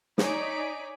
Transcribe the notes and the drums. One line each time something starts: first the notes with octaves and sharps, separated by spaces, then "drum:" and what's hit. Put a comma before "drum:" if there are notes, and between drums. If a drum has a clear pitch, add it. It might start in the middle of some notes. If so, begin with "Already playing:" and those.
D#4 C#5 D5 G#5 B6 D7, drum: snare